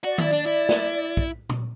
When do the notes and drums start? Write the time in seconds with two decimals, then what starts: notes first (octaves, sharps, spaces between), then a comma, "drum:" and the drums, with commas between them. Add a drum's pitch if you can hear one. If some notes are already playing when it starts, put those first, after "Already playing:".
0.04 F#4 D5
0.18 E4, drum: tom D#3
0.33 D4
0.46 E4
0.69 drum: snare
1.17 drum: kick
1.49 drum: tom A#2